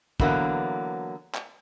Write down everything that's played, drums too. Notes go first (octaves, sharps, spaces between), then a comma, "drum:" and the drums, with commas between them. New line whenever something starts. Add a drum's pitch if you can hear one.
D3 E3 F#3 A#3 B3, drum: kick
drum: clap